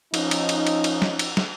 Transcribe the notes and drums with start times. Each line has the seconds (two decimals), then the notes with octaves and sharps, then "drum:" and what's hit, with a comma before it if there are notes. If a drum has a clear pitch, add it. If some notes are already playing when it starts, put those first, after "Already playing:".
0.14 F3 C#4 D#4, drum: cymbal
0.31 drum: cymbal
0.49 drum: cymbal
0.67 drum: cymbal
0.84 drum: cymbal
1.02 drum: snare
1.19 drum: cymbal
1.37 drum: snare